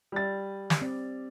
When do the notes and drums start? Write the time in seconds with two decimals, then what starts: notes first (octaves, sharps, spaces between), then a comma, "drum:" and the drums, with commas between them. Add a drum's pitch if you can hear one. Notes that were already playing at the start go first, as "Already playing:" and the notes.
0.12 G3 A6
0.70 drum: snare
0.81 C4 D5